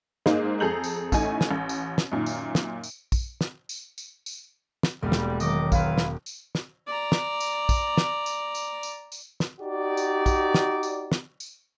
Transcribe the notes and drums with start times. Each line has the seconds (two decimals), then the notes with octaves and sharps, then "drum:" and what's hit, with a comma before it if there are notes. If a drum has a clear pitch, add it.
0.26 G#2 G#3 A#3 D#4 C5, drum: snare
0.60 F2 G#4 A4 A#5 G6 F#7
0.84 drum: tambourine
1.12 A1 A2 A3 D#4 G#5, drum: kick, tambourine
1.41 drum: snare
1.51 A1
1.69 drum: tambourine
1.98 drum: snare
2.12 F#2 A#2 D#3
2.26 drum: tambourine
2.55 drum: snare
2.84 drum: tambourine
3.12 drum: kick, tambourine
3.41 drum: snare
3.69 drum: tambourine
3.98 drum: tambourine
4.26 drum: tambourine
4.83 drum: snare
5.03 E1 G3 G#3 A#3
5.12 drum: snare
5.40 D#3 F#3 A3 D#5 D6, drum: tambourine
5.72 E4 F4 B4 F5, drum: kick, tambourine
5.98 drum: snare
6.26 drum: tambourine
6.55 drum: snare
6.87 D5 A#5
7.12 drum: snare
7.40 drum: tambourine
7.69 drum: kick, tambourine
7.97 drum: snare
8.26 drum: tambourine
8.55 drum: tambourine
8.83 drum: tambourine
9.12 drum: tambourine
9.40 drum: snare
9.61 D#4 F#4 G4 D5
9.97 drum: tambourine
10.26 drum: kick, tambourine
10.54 drum: snare
10.83 drum: tambourine
11.12 drum: snare
11.40 drum: tambourine